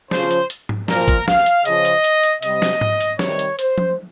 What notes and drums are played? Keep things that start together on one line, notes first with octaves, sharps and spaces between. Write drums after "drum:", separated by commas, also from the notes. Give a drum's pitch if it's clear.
C#3 F3 C5, drum: snare
drum: hi-hat
drum: hi-hat
drum: tom G#2
A#2 F3 A#4, drum: snare
drum: kick, hi-hat
F5, drum: snare
drum: hi-hat
C#3 F3 D#5, drum: hi-hat
drum: hi-hat
drum: hi-hat
drum: hi-hat
C3 G3 D#5, drum: hi-hat
drum: snare
drum: tom G#2
drum: hi-hat
C3 D#3 G3 C#5, drum: snare
drum: hi-hat
C5, drum: hi-hat
drum: tom F3